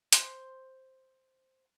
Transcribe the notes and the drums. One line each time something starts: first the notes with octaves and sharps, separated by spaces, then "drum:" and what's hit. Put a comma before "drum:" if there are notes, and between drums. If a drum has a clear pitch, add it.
C5 C6, drum: hi-hat